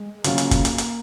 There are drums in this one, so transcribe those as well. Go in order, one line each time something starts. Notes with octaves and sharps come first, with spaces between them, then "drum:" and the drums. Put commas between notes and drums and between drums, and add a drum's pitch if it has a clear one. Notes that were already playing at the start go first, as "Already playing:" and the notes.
Already playing: G#3
C#3 F#3 A#3 C#4 F4, drum: hi-hat
drum: hi-hat
drum: kick G1, hi-hat
drum: hi-hat
drum: hi-hat